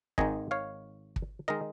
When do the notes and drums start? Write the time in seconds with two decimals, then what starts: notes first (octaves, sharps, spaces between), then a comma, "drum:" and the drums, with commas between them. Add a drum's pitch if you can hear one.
0.18 G#1 G#2 D#3 G#3 D#4 D#5 G#5, drum: kick
0.51 C#5 F5
1.16 drum: kick
1.48 D#3 G#3 D#4 A#4 D#5